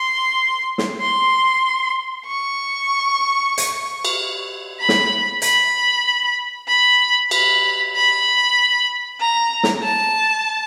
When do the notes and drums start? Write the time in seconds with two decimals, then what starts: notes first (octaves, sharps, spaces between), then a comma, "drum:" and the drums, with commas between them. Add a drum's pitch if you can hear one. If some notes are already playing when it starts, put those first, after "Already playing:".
Already playing: C6
0.78 drum: snare
1.01 C6
2.27 C#6
3.58 drum: hi-hat
4.05 drum: cymbal
4.79 B5
4.89 drum: snare
5.42 B5, drum: hi-hat
6.68 B5
7.31 B5, drum: cymbal
7.95 B5
9.20 A#5
9.63 drum: snare
9.83 A5